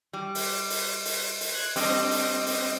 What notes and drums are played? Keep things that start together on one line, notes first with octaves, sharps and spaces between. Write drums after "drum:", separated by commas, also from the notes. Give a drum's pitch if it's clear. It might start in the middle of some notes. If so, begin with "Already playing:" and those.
G3
drum: open hi-hat
drum: open hi-hat
drum: open hi-hat
drum: open hi-hat
F#6 G#6
G3 C4 D4 D#5, drum: open hi-hat
drum: open hi-hat
drum: open hi-hat